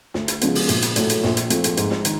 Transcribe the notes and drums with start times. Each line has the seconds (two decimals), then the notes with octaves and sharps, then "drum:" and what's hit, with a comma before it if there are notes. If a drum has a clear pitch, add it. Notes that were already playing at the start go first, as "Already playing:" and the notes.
0.14 D2, drum: snare
0.28 drum: hi-hat
0.41 C#3 F3 G#3 B3, drum: hi-hat
0.55 drum: open hi-hat
0.69 A#1, drum: hi-hat
0.82 drum: hi-hat
0.96 A2 F#3 A3, drum: hi-hat
1.10 drum: hi-hat
1.24 A#1, drum: snare
1.37 drum: hi-hat
1.50 A#2 F3 A3 C4, drum: hi-hat
1.64 drum: hi-hat
1.77 G#2, drum: hi-hat
1.91 drum: snare
2.05 D#3, drum: hi-hat